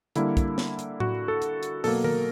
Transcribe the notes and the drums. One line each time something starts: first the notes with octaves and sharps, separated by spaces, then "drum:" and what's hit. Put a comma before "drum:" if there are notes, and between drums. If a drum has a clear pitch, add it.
D3 G3 A#3 E4, drum: hi-hat
drum: kick, hi-hat
drum: snare
drum: hi-hat
F#4, drum: tom A2
A4
drum: hi-hat
drum: hi-hat
B2 F#3 A#3 A4, drum: open hi-hat
A#4, drum: tom D#3